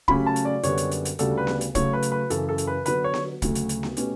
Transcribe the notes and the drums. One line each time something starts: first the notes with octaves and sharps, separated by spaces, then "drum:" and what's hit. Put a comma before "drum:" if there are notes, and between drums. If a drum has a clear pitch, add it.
C#3 F#3 A3 C#4 G4 B5, drum: kick
A5
drum: hi-hat
D5
F#2 D3 G3 B3 C#5, drum: hi-hat
drum: hi-hat
drum: hi-hat
drum: hi-hat
D2 C#3 G3 D4 F#4 A4, drum: hi-hat
B4
drum: snare B3
drum: hi-hat
C#3 F#3 A3 C#5, drum: kick, hi-hat
B4
drum: hi-hat
B4
F#2 C#3 E3 A4, drum: hi-hat
A4
drum: hi-hat
B4
D3 F#3 B3 B4, drum: hi-hat
C#5
drum: snare B3
D2 C#3 F#3 A3, drum: kick, hi-hat
drum: hi-hat
drum: hi-hat
drum: snare B3
B2 A3 C#4 G4 B4, drum: hi-hat